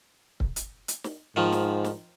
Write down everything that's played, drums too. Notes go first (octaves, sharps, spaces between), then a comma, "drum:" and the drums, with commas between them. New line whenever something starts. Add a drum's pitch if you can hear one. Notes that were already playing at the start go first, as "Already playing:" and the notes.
drum: kick C#1
drum: hi-hat
drum: hi-hat
drum: snare
G#2 D#3 F3
drum: snare
drum: snare